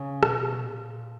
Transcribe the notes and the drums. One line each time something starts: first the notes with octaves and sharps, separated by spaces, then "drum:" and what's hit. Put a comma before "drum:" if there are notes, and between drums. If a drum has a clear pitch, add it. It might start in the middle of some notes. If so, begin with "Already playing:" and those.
Already playing: C#3
B2, drum: rim click
A#2